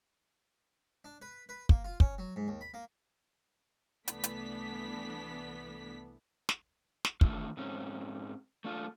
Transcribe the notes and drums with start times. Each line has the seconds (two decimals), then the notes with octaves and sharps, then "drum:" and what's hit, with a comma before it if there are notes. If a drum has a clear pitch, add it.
1.05 D4
1.22 B4
1.49 B4
1.69 A#3, drum: kick
1.84 F4
2.00 C#4, drum: kick
2.18 F#3
2.36 G#2
2.48 D#2
2.61 B5
2.74 A#3
4.08 C2 E3 A3 B3 D4 B6, drum: hi-hat
4.24 drum: hi-hat
6.49 drum: snare
7.05 drum: snare
7.21 D#3 A3 D4 F4, drum: kick
7.57 G#2 C4 C#4
8.64 A3 D4 F4